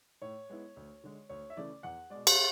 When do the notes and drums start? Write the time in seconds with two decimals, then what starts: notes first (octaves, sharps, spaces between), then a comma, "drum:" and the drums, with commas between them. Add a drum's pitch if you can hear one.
0.22 A2 C#5
0.50 G#3 B3 E4
0.76 D2
1.04 D3 G#3
1.29 D2 C#5
1.50 E5
1.57 C#3 E3 A3 C#4 D5
1.83 E2 F#5
2.10 B2 G#3 D5
2.27 drum: cymbal